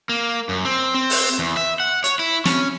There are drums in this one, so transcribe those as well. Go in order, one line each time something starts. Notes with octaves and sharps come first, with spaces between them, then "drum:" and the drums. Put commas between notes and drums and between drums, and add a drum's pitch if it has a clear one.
A#3
F#2
C4
C4
drum: open hi-hat
E2
E5
F#5
C#5, drum: hi-hat
E4
C#4, drum: snare